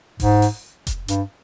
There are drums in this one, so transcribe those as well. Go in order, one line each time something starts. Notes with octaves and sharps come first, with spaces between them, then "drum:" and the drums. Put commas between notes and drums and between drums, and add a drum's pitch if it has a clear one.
G#2, drum: kick F1, open hi-hat
drum: open hi-hat
drum: kick F1, hi-hat
G2, drum: hi-hat